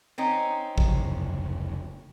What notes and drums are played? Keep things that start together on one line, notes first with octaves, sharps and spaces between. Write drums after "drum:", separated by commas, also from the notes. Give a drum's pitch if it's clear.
C4 C#4 D#4
F1 C#2 F#3, drum: kick G#1